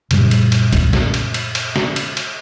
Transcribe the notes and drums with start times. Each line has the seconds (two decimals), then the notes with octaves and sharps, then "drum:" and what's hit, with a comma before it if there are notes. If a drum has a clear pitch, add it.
0.11 F#2 A#2 C#3 G3, drum: cymbal
0.31 drum: cymbal
0.52 drum: cymbal
0.73 drum: kick B1, cymbal
0.93 drum: snare
1.14 drum: cymbal
1.34 drum: cymbal
1.55 drum: cymbal
1.76 drum: snare
1.96 drum: cymbal
2.17 drum: cymbal